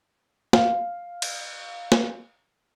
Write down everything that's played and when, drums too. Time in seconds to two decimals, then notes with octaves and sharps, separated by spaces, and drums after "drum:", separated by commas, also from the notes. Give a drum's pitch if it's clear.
0.53 F5, drum: snare
1.22 drum: cymbal
1.92 drum: snare